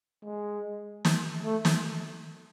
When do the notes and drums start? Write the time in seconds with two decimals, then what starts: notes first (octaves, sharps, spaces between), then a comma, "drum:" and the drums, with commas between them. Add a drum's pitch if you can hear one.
0.25 G#3
1.05 drum: snare
1.45 A3
1.65 drum: snare